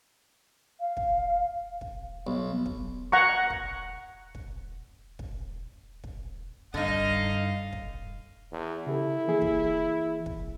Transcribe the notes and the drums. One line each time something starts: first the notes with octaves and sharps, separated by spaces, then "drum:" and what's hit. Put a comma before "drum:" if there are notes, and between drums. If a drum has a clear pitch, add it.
F5
drum: kick
drum: kick
B1
drum: kick
F#5 A#5 C#6
drum: kick
drum: kick
drum: kick
drum: kick
G2 D3 D#4 D#5 F5
drum: kick
drum: kick
E2
C#3 E4 G4 A4
E3 A#3 G#4
drum: kick
drum: kick